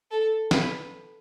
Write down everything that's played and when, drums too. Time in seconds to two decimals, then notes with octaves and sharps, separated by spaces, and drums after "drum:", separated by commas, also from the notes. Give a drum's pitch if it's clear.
0.11 A4
0.51 B4, drum: snare